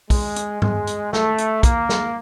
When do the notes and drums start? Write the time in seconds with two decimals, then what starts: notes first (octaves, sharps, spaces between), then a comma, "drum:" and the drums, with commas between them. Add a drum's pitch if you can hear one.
0.10 G#3, drum: kick, open hi-hat
0.36 drum: hi-hat
0.62 G#3, drum: tom G#2
0.87 drum: hi-hat
1.13 A3, drum: snare
1.38 drum: hi-hat
1.63 A#3, drum: kick, hi-hat
1.89 drum: snare